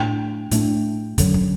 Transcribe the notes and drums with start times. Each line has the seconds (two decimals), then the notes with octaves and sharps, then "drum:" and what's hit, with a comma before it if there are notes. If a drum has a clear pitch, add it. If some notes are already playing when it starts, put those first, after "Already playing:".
Already playing: A2 A3 D4 G5
0.51 A2 A3 D4, drum: hi-hat
1.18 F#2 D3 F#3, drum: kick, hi-hat
1.34 drum: kick